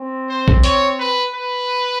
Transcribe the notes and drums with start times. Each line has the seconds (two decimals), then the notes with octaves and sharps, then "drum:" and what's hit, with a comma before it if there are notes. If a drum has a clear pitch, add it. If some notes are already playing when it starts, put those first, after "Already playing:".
Already playing: C4
0.29 C5
0.48 drum: kick A#1
0.64 C#5, drum: hi-hat
0.99 B4
1.34 B4